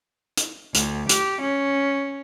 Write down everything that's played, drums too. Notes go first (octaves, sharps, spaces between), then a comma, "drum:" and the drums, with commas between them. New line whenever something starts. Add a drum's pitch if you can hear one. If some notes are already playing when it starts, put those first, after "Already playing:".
drum: hi-hat
D2, drum: hi-hat
G4, drum: hi-hat
C#4